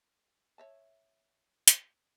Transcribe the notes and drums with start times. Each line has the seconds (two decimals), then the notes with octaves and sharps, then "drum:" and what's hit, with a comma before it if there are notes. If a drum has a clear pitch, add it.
0.58 C#5 E5 A5
1.68 drum: hi-hat